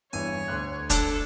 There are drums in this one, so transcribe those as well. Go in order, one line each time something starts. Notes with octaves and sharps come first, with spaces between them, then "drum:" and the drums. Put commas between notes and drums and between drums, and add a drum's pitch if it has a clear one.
E2 G2 C#5 G#5
D2 F#6
D4 A4, drum: kick, hi-hat